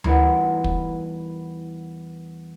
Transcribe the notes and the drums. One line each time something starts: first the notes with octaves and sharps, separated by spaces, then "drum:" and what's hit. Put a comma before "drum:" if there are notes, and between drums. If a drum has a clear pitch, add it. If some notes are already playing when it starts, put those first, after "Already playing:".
E2 G3 E4 A#4 B4 F#5, drum: tom D2
drum: kick